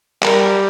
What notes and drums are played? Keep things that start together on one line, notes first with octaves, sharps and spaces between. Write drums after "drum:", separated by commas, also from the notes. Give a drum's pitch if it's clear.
G3 A#4, drum: clap